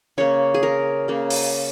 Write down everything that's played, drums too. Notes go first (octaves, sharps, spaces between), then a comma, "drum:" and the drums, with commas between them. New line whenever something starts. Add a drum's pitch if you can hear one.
C#3 A#3 C#5
G#4
A#4
C#3 A#3
drum: open hi-hat